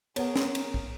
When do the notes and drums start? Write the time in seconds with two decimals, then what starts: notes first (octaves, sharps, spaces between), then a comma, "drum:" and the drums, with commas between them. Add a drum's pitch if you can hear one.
0.16 B3 G#4 A#4 B4 C#5 F#5, drum: cymbal
0.36 drum: snare
0.55 drum: cymbal
0.74 drum: kick